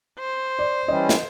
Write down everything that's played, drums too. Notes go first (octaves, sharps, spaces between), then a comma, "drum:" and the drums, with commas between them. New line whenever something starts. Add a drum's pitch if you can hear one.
C5
D5
E3 G3 C#4 D#5
drum: snare